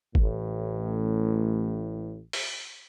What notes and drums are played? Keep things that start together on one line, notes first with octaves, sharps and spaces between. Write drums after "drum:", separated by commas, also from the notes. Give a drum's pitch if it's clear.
A1 A2, drum: kick G1
drum: open hi-hat